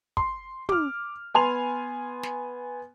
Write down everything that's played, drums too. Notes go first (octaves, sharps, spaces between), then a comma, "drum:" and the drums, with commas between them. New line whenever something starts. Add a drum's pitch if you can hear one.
C6, drum: kick
D6 F6, drum: tom
B3 G#5 C6 F7
drum: snare